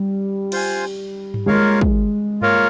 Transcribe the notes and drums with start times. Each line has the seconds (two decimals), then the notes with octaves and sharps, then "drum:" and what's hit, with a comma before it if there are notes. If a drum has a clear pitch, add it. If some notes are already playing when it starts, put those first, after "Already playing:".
Already playing: G3
0.52 F4 C5 F5 G#5, drum: cymbal
1.34 drum: tom G2
1.46 G#3 A#3 F4 A#4 C#5 F5
1.81 drum: kick
2.42 A#3 F4 A#4 C#5 F5, drum: tom G2